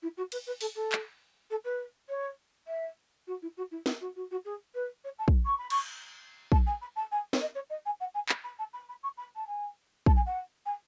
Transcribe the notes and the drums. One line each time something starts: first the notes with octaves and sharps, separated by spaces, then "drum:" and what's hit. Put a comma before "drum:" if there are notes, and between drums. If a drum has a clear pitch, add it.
E4
F#4
B4, drum: cymbal
B4
A4, drum: open hi-hat
A4
drum: clap
A4
B4
C#5
E5
F#4
E4
F#4
E4
E4, drum: snare
F#4
F#4
F#4
G#4
B4
C#5
A5
drum: kick
C#6
B5
C#6, drum: cymbal
A5, drum: kick
G#5
B5
A5
G#5
C#5, drum: snare
D#5
C#5
D#5
G#5
F#5
G#5
B5, drum: clap
B5
A5
B5
B5
C#6
B5
A5
G#5
A5, drum: kick
G#5
F#5
G#5